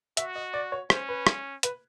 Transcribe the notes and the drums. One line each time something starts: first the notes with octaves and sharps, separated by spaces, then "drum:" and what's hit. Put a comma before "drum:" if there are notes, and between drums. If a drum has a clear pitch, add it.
F#4 E5, drum: hi-hat
D#5
D5
C#5
C#4 C5, drum: rim click
B4
drum: rim click
B4, drum: hi-hat